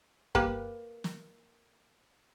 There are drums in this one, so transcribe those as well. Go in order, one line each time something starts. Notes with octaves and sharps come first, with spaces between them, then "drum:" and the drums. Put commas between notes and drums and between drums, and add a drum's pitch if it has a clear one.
A#3 G4 B4, drum: kick F#2
drum: snare